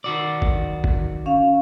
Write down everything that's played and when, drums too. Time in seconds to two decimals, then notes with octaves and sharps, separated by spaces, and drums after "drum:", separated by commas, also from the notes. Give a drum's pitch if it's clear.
0.04 D#3 F#4 D5
0.42 drum: kick F#1
0.84 drum: kick F#1
1.26 C#4 F5